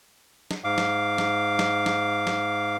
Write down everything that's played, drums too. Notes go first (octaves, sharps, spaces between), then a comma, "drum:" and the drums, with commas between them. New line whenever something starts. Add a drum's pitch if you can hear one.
drum: snare
G#2 F5 D6
drum: snare
drum: snare
drum: snare
drum: snare
drum: snare